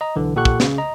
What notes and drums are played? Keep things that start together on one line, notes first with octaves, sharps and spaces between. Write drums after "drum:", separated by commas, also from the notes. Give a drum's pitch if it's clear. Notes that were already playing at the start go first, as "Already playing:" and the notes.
D#5 A#5
B1 D3 E3
A#2 G4 A4 F#5 C#6 F#6
drum: kick
C#3, drum: snare
D#5 A#5